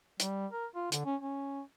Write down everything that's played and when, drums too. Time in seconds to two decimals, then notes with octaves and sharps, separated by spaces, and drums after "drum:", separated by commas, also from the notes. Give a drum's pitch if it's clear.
0.20 G3, drum: hi-hat
0.51 A#4
0.75 F4
0.92 D3, drum: hi-hat
1.05 C#4
1.21 C#4